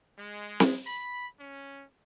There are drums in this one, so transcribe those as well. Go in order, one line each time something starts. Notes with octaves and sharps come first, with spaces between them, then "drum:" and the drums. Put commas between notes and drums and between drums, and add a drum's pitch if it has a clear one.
G#3
drum: snare C4
B5
C#4